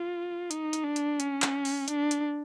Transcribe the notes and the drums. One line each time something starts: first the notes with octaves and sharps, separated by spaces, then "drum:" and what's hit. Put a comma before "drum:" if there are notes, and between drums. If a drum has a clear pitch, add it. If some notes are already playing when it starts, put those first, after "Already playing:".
Already playing: F4
D#4, drum: hi-hat
drum: hi-hat
D4
drum: hi-hat
C#4, drum: hi-hat
drum: clap
drum: open hi-hat
D4, drum: hi-hat
drum: hi-hat